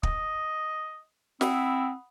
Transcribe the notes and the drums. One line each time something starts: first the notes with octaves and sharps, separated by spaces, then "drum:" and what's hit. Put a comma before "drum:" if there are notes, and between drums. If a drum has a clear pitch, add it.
D#5, drum: kick
C4 E4 F#5 B5 D#6, drum: snare